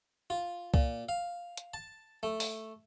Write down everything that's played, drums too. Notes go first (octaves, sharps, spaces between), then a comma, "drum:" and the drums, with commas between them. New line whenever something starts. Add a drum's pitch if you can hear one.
F4
A#2, drum: kick C2
F5
drum: hi-hat
A5
A3
drum: open hi-hat